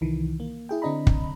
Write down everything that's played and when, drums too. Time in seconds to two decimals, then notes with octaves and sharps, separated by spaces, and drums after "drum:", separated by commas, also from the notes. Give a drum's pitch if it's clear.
0.01 C2 D#3 E3
0.40 A#3
0.69 E4 G#4 G5
0.82 D3 C4 D4 D#5 A#5 B5
1.07 drum: kick